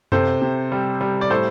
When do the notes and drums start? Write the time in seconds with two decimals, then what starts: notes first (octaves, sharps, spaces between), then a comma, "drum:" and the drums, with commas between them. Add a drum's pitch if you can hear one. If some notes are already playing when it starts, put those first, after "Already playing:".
0.12 C3 A4 C5, drum: tom F#2
0.42 C3
0.72 G3
1.01 G3
1.21 D5
1.30 A2 A4 C5